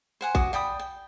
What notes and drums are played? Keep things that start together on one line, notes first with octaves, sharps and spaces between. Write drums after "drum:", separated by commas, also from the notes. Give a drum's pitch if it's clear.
C5 F#5 G#5
F#4 D6 D#6, drum: kick A1
D5 G5 B5 D#6
G5